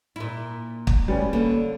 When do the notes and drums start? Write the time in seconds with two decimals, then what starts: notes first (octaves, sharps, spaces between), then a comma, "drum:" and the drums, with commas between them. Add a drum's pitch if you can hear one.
0.16 A#2 E4
0.87 drum: kick
1.08 G3 B3 C#4
1.33 D3 A#3